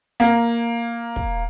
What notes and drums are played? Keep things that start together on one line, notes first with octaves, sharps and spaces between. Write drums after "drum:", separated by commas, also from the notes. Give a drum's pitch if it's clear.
A#3
drum: kick